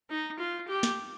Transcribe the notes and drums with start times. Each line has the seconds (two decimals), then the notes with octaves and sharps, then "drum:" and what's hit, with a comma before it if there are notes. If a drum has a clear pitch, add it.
0.10 D#4
0.39 F4
0.68 G4
0.83 drum: snare